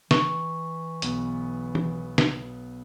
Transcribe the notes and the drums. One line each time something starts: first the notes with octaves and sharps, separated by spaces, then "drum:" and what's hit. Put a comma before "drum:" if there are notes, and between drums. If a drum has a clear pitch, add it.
E3 C#6, drum: snare
B1 B3, drum: hi-hat
drum: tom E3
drum: snare